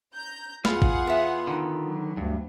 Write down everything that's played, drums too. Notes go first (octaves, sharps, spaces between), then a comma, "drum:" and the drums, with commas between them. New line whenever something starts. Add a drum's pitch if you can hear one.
A#5 G6
E2 B3 F4 G#4 F5 F#5, drum: snare
drum: kick
B3 E5
D3 D#3
F#3
D2 G2